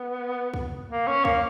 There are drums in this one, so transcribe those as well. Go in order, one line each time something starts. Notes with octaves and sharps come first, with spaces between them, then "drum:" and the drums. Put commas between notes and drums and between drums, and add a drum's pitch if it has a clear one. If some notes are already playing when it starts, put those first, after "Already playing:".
Already playing: B3
drum: kick
drum: tom C3
A#3
C#4
A#3, drum: kick